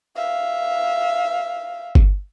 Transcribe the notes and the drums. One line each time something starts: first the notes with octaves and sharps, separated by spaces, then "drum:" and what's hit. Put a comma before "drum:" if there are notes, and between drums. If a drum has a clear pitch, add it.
E5 F5
drum: kick G1